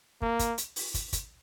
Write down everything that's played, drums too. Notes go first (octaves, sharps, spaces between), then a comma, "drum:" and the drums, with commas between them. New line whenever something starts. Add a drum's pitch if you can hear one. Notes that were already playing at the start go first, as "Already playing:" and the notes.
A#3, drum: kick
drum: kick, hi-hat
drum: hi-hat
drum: open hi-hat
drum: kick, hi-hat
drum: kick, hi-hat